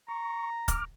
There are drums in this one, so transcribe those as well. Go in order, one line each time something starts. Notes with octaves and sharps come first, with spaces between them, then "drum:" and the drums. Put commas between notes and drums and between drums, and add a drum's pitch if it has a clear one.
A#5 C#6
D6 F6, drum: kick, hi-hat